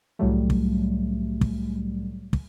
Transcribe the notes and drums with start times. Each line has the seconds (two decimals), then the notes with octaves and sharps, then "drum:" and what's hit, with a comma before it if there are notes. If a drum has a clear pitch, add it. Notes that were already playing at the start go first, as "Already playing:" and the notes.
0.19 C2 A2 F#3 G3 A3
0.50 drum: kick
1.41 drum: kick
2.33 drum: kick